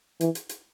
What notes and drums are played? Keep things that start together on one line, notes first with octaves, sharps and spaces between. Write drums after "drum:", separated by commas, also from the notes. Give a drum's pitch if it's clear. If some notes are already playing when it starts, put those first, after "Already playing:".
E3, drum: hi-hat
drum: hi-hat
drum: hi-hat